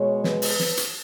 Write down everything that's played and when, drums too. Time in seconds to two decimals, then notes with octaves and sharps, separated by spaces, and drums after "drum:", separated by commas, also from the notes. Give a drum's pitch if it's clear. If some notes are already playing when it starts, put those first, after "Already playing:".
Already playing: B2 G#3 C#5
0.24 B4, drum: snare
0.42 drum: open hi-hat
0.60 drum: snare
0.77 drum: hi-hat